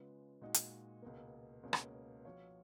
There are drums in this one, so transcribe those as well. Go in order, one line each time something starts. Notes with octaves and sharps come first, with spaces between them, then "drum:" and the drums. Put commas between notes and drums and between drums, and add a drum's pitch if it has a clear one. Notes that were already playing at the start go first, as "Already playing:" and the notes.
Already playing: C#3 G#3 B3 F4
A#2 G#3 D#4 F#4
drum: hi-hat
C#2 B2 A#3
C#2 B2 A#3 C#4
drum: rim click
F3 B3 F#4 C#5 F5